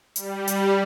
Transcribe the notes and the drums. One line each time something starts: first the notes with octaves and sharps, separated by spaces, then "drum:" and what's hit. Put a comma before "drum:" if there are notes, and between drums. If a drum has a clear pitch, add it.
G3, drum: hi-hat
drum: hi-hat